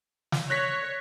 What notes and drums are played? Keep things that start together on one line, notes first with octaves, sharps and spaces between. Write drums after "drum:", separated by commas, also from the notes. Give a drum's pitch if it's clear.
drum: snare
C#5 F#6 A#6 B6